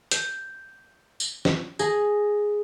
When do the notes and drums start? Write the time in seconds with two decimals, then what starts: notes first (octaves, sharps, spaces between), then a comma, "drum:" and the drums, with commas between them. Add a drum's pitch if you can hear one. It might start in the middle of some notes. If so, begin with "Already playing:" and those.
0.11 G6, drum: hi-hat
1.20 drum: tambourine
1.45 drum: snare
1.79 G#4 A#6, drum: tambourine